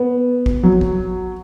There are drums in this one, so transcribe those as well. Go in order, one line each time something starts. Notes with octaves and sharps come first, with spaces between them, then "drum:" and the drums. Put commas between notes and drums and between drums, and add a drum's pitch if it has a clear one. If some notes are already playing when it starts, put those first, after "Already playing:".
Already playing: B3
drum: kick
F#3
drum: kick